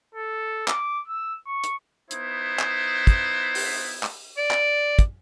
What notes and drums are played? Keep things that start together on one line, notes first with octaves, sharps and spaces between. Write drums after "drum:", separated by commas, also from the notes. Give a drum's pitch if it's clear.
A4
D6, drum: clap
E6
C#6
drum: hi-hat
B3 D#4 E4 C5, drum: hi-hat
drum: clap
drum: kick, hi-hat
drum: open hi-hat
drum: clap
D5
drum: clap
drum: kick, hi-hat